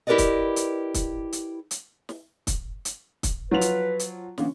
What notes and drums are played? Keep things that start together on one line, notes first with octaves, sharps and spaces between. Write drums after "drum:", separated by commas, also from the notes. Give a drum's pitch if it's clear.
E4 G4 A#4 B4 D5 D#5
drum: kick, hi-hat
drum: hi-hat
drum: kick, hi-hat
drum: hi-hat
drum: hi-hat
drum: snare
drum: kick, hi-hat
drum: hi-hat
drum: kick, hi-hat
F3 F#3 F4 B4 F7
drum: hi-hat
drum: hi-hat
D3 E3 A#3 B3 C#4, drum: snare